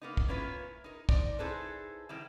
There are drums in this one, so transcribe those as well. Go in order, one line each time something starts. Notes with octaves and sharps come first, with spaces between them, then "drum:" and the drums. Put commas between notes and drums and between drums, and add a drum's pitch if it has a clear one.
A#3 B3 D#4
drum: kick
A#3 B3 C#4 E4 F4 B4
D#4 A#4
D#4 C5 D5, drum: kick
D#4 E4 G#4 A4 B4 C5
D#3 G3 E4